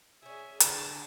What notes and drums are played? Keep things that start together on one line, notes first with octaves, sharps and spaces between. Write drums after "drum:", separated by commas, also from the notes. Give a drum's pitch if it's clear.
C#4 G#4 E5 G#5
D3 D4 A5, drum: hi-hat